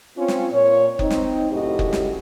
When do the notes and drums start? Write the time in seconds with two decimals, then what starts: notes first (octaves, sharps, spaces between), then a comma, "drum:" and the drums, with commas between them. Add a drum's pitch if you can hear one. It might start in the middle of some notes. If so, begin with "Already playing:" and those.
0.17 C4 C#4 F4
0.28 drum: snare
0.51 A#2 C#5
0.99 C4 D#4, drum: kick F#1
1.10 drum: snare
1.52 F#2 A2 C#3 F#4 G4 D#5
1.79 drum: kick F#1
1.93 drum: snare